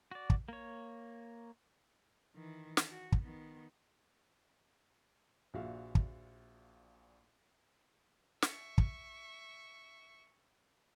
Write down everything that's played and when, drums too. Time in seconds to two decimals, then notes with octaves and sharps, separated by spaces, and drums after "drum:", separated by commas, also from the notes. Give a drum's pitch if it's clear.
0.11 F#4 D5
0.30 drum: kick
0.49 A#3 C#5
2.36 D#3 E3
2.77 drum: snare
2.91 F#4
3.12 drum: kick
3.22 D#3 B3
5.54 A#1 A#2 F#4 E5 F5
5.95 drum: kick
8.42 E5 C#6, drum: snare
8.78 drum: kick